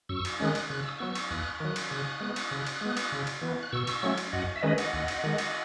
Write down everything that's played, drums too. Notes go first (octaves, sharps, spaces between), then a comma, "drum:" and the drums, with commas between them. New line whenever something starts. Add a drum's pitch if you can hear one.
F#2 C#6 E6
drum: cymbal
D#3 G#3 C#4 D#6 F#6
drum: cymbal
C#3 F#6
E6
D#6
F#3 B3 C#6 E6
drum: cymbal
E2 D#6 F#6
D#3 F#3 D#6 F#6
drum: cymbal
C#3 D#6 F#6
G#3 B3
drum: cymbal
C#3
drum: cymbal
G#3 B3
drum: cymbal
C#3
drum: cymbal
E3 B3
F#6
B2 C#6 E6
drum: cymbal
F#3 A3 C#4
drum: cymbal
F#2 D#5 F#5
E5
D#3 G#3 C#4 B4 D#5
D#5 F#5, drum: cymbal
D#2
drum: cymbal
D#3 G#3
drum: cymbal